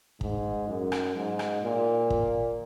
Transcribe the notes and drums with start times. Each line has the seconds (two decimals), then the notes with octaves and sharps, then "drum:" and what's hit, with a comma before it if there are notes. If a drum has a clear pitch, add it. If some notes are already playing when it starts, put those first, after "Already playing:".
0.21 G#2, drum: kick
0.68 F#2
0.92 drum: rim click
1.16 G#2
1.39 drum: rim click
1.62 A#2
2.10 drum: kick